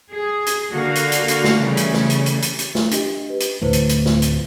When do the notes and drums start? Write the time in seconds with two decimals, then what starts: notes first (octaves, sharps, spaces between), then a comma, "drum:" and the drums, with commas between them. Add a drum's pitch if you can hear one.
0.12 G#4
0.46 drum: hi-hat
0.71 D3 A#3 F#4 F5
0.95 drum: hi-hat
1.12 drum: hi-hat
1.28 drum: hi-hat
1.44 drum: snare
1.58 C#3 E3 G3 A3 C#4
1.77 drum: hi-hat
1.93 drum: snare
2.10 drum: hi-hat
2.26 drum: hi-hat
2.42 drum: hi-hat
2.59 drum: hi-hat
2.75 drum: snare
2.91 D4 G4 D#5, drum: hi-hat
3.30 G4 B4
3.40 drum: hi-hat
3.62 D1 D2 A3 E4 B4 C5
3.73 drum: hi-hat
3.89 drum: hi-hat
4.06 drum: snare
4.22 drum: hi-hat